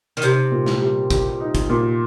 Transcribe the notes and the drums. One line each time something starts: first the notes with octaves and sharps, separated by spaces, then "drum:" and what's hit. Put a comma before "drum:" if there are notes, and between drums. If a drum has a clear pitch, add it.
D#3
C3 D#4, drum: hi-hat
A#2
drum: snare
G3
G4, drum: kick, hi-hat
D#4
drum: kick, hi-hat
A#2